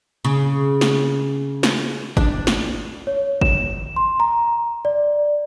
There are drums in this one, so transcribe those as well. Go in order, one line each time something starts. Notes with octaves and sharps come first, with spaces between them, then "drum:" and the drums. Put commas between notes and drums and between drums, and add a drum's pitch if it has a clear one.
C#3
drum: snare
drum: snare
D4, drum: kick G1
drum: snare
C#5
E7, drum: kick G1
C6
A#5
D5